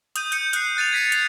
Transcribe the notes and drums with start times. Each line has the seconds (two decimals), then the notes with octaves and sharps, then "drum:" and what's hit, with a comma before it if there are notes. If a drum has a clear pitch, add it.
0.16 D#6 G6 D#7, drum: hi-hat
0.32 G6 C#7, drum: hi-hat
0.53 F#6 C7, drum: hi-hat
0.77 F#6 A6 D#7 F7
0.92 G#6 B6 C#7
1.12 drum: hi-hat